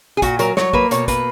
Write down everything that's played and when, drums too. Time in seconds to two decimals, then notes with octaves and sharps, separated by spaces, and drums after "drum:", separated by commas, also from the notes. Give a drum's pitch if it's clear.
0.17 G#4
0.22 A#2 F#4, drum: kick, hi-hat
0.39 F#3 A#4, drum: hi-hat
0.57 F#3 C#5, drum: snare
0.73 A#3 B4, drum: kick
0.91 B2 C#5, drum: hi-hat
1.08 A#3 B4, drum: kick, hi-hat